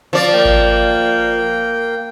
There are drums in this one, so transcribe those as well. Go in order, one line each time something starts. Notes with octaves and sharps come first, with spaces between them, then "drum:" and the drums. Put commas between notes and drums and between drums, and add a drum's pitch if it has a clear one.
F3 D5
A#3 G5
drum: kick G#1